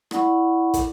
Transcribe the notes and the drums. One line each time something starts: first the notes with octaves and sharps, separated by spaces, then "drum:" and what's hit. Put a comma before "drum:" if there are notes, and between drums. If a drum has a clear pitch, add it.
E4 D5 F#5 B5 C#6, drum: rim click
drum: kick, hi-hat